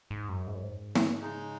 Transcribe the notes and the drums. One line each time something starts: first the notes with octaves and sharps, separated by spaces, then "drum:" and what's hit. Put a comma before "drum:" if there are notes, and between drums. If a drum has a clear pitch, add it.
G#2
F#2
G#2
F#2
G#2
drum: snare
C#3 G#3 D#4